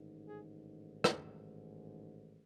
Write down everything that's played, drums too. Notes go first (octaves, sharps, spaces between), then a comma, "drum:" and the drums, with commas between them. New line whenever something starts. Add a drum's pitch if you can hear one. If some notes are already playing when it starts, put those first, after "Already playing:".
Already playing: A1 G#2 D#3
G#4
G#4, drum: rim click